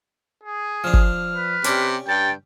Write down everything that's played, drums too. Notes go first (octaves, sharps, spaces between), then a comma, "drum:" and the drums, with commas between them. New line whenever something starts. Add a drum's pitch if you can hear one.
G#4
F3 D4 F6
drum: kick
B4
C3 C#4 G4 D5, drum: hi-hat
G2 G5 A6